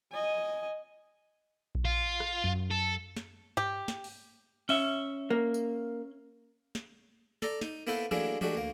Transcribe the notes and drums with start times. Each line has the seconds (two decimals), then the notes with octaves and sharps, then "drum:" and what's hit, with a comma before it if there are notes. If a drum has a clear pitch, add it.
0.12 D#5 G#5
1.75 drum: kick A#1
1.85 F4
2.20 drum: rim click
2.44 F#2
2.71 A4
3.17 drum: snare
3.57 G4, drum: tom G2
3.88 drum: snare
4.04 drum: open hi-hat
4.69 C#4 E5, drum: open hi-hat
5.30 A#3
5.54 drum: tambourine
6.75 drum: snare
7.42 A4 D5 A#5, drum: snare
7.61 D#4, drum: snare
7.87 A#3 B3 E4 A4 B4 C5
8.11 F#3 A3 A#3 D4 E4 G#4, drum: tom E3
8.41 G#3 A3 D4 F#4 G4, drum: tom E3
8.55 D2 A#3